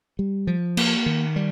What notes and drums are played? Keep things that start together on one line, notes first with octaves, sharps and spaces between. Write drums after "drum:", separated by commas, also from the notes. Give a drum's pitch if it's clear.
G3
F3
A#3, drum: cymbal
D#3
G3